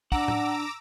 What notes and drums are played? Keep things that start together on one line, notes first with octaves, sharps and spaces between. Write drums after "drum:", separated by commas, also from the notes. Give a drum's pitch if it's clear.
D4 F#5 A#5 D6 E6, drum: kick
drum: tom A2